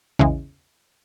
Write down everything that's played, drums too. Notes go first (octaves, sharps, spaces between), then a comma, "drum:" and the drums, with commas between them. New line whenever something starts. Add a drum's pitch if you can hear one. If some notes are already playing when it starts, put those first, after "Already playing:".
E2 C#3 E3 G#3, drum: kick